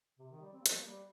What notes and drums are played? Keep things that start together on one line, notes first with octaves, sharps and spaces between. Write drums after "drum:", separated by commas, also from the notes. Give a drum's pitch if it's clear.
C3
D#3
G3
C4
A#3
F3, drum: hi-hat
G3
A#3
G3